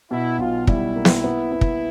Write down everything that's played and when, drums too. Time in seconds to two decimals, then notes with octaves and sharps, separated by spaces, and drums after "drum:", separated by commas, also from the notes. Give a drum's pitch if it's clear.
0.11 B2 E4
0.39 B1 F4
0.67 G3 E4, drum: kick
0.96 A#3
1.05 drum: snare
1.24 B3
1.52 B3
1.61 drum: kick